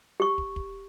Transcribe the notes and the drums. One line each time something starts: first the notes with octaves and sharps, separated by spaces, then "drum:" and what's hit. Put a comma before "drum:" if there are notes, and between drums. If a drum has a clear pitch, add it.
G4 C#6
drum: kick
drum: kick